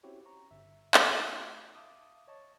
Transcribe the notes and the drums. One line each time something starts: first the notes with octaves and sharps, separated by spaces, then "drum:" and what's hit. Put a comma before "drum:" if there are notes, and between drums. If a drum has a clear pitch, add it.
C4 C#4 E4 F#4 G4 C#5
A#5 C#6
G1 E5
A3 C4 D#4 F4 F#4, drum: clap
E5 F5 A5 D6 D#6
C#5 D#5 A5 C#6